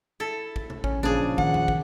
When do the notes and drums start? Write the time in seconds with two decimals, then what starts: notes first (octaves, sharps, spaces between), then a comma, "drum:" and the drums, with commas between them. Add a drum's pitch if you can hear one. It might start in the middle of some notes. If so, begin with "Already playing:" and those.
0.20 E4 A4
0.56 drum: kick
0.70 drum: tom B2
0.84 A1 C#4, drum: kick
1.03 A#2 C#3 F3 D4 G#4
1.38 D#3 F#5, drum: kick
1.54 drum: tom
1.68 drum: kick